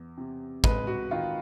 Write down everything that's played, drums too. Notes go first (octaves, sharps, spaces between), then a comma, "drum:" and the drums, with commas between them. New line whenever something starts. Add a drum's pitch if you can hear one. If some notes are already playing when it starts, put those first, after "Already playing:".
Already playing: E2
C3
G#3 B4, drum: kick
F#4
D#3 F4